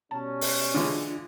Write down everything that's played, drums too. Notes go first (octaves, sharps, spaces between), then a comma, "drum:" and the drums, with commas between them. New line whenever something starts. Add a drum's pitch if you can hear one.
B2 G3 C#4 A5
drum: open hi-hat
D3 E3 G#3 D4 F4